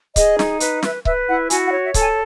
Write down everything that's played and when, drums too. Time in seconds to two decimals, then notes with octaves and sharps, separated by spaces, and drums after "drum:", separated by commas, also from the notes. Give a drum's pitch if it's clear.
0.16 G#4 D#5, drum: kick C#1, hi-hat
0.39 D#4, drum: snare
0.60 B4, drum: hi-hat
0.83 B4 E5, drum: snare
1.05 B4 E5, drum: kick C#1
1.27 E4 F#5
1.50 F#4 G#5, drum: hi-hat
1.67 F#5
1.73 C#5
1.84 E5
1.94 A4, drum: kick C#1, hi-hat
2.01 G#5